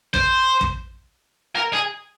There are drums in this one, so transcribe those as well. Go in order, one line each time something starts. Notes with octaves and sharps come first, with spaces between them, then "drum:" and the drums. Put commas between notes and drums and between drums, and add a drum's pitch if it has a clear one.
C5, drum: kick
drum: kick
A#4
G#4